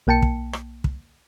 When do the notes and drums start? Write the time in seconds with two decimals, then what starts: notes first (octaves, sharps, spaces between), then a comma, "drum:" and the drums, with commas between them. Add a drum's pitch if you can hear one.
0.07 B1 A#3 G5 A5 C#7
0.22 drum: kick
0.53 drum: rim click
0.84 drum: kick